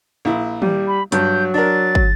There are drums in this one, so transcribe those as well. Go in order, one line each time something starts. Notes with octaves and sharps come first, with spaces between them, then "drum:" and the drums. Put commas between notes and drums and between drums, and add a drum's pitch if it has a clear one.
A#1 E4
G3, drum: tom
B5
G2 F#3 G6, drum: hi-hat
D4 A#4 A6
drum: kick